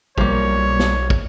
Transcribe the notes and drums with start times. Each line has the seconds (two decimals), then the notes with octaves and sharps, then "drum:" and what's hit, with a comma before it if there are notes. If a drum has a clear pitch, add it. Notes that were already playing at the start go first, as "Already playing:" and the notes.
0.18 B1 F3 G3 A#3 C#5, drum: kick
0.79 drum: snare
1.10 drum: kick